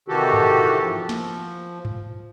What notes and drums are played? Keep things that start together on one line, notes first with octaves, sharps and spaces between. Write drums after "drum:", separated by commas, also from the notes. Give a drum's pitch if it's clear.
C3 D#3 E3 F#4 G4 A4
drum: tom G2
F3
drum: snare
drum: tom G2